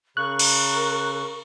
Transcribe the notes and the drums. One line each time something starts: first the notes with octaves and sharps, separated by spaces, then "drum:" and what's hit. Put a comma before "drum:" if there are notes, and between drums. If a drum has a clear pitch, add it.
C#3 A#4 C#6 F#6
drum: cymbal